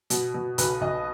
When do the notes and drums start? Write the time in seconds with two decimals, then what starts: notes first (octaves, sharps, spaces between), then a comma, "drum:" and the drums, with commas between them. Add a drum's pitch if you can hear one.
0.10 B2, drum: hi-hat
0.34 B2
0.58 B1 B4, drum: hi-hat
0.81 B1 D#5